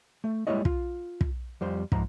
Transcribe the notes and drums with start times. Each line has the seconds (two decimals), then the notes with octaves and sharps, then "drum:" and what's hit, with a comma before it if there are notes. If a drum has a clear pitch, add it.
0.24 A3
0.47 G3 G#3 A#3 E4 C#5 D#5
0.65 F4, drum: kick
1.21 drum: kick
1.61 F2 G3 C5
1.92 G#2 F3 A#5, drum: kick